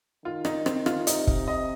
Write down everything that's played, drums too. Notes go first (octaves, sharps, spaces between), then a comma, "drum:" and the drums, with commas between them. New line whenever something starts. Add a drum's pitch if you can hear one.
D#3 F4
D#4, drum: rim click
C4, drum: rim click
F4, drum: rim click
C3 D#4, drum: hi-hat
drum: kick
D#5